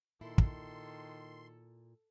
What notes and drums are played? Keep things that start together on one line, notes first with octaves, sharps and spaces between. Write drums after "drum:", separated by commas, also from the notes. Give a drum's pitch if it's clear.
A#2 D#3 E4 A4 C6
drum: kick